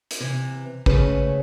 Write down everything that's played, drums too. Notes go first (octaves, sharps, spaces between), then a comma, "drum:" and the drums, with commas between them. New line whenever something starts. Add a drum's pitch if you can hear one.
drum: hi-hat
C3 E3
C#3 G#3 A3 C#4 G#4 B4, drum: kick